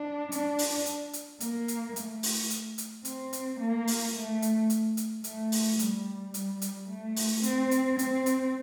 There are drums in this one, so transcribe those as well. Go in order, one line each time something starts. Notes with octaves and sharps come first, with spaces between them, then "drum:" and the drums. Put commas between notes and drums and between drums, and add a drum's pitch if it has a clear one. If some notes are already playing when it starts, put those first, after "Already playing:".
Already playing: D4
D4, drum: hi-hat
drum: open hi-hat
drum: hi-hat
drum: hi-hat
A#3, drum: hi-hat
drum: hi-hat
A3, drum: hi-hat
drum: open hi-hat
drum: hi-hat
drum: hi-hat
C4, drum: hi-hat
drum: hi-hat
A#3
drum: open hi-hat
A3
drum: hi-hat
drum: hi-hat
drum: hi-hat
A3, drum: hi-hat
drum: open hi-hat
G3, drum: hi-hat
G3, drum: hi-hat
drum: hi-hat
A3
drum: open hi-hat
C4, drum: hi-hat
drum: hi-hat
C4, drum: hi-hat
drum: hi-hat